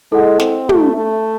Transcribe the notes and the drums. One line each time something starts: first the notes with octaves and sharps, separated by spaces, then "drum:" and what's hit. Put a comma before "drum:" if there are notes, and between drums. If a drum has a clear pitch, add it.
G#3 E4 A4 D#5 F#5
C4, drum: snare
A3, drum: tom
A3